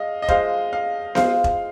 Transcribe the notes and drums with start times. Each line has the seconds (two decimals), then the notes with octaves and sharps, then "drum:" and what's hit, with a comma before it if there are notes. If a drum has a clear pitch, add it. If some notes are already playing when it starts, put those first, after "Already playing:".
Already playing: G#3 D#5 F5
0.22 D#5
0.28 G#3 F4 C5 F5, drum: kick E1
0.73 F5
1.15 G#3 F4 C5 F5, drum: snare B3
1.44 drum: kick E1